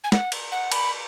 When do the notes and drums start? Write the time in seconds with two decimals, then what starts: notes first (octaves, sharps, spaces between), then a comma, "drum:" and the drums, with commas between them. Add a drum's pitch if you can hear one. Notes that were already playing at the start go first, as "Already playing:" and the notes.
0.04 G#5
0.12 F#5, drum: snare
0.32 drum: cymbal
0.52 F#5
0.72 B5, drum: cymbal